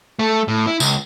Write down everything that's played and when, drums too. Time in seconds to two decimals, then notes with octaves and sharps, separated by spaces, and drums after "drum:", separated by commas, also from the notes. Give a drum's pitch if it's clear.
0.19 A3
0.48 A2
0.67 E4
0.80 C#2, drum: tambourine